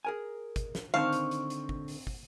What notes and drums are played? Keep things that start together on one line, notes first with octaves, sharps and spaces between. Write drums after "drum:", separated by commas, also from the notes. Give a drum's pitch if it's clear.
G#4 A#4 G#5
drum: kick, hi-hat
drum: snare
D3 D#3 C4 C5 F5 A5 C#6 F6
drum: hi-hat
drum: hi-hat
drum: hi-hat
drum: kick
drum: open hi-hat
drum: kick